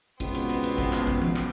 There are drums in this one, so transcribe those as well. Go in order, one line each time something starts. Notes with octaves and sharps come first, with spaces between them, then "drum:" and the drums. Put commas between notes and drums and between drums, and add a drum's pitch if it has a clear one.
C#2 B2 B3 C4, drum: kick, cymbal
drum: cymbal
drum: cymbal
drum: cymbal
drum: kick
drum: clap
drum: kick
drum: tom E3
drum: clap